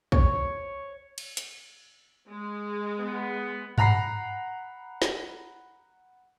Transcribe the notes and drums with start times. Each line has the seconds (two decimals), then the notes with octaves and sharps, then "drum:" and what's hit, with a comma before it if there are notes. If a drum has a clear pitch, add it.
0.12 C#5, drum: kick
1.18 drum: cymbal
1.37 drum: hi-hat
2.29 G#3
2.99 B3
3.78 F#5 A#5 B5 A#6 C7, drum: tom G2
5.02 drum: snare